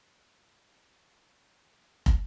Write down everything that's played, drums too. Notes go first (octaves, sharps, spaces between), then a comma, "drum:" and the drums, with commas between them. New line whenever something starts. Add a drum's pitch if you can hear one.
C3 A#3 D#4 A#4
drum: kick